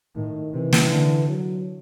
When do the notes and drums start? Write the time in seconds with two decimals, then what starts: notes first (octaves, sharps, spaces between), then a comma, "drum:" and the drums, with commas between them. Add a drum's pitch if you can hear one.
0.16 A2 D#3
0.53 C3 E3
0.72 drum: snare
0.90 D3
1.28 F#3